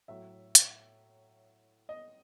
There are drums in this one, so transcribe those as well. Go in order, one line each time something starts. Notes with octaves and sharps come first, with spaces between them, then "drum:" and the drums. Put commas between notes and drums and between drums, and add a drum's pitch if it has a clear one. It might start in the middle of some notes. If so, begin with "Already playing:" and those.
A2 F#3 E5
drum: hi-hat
D#5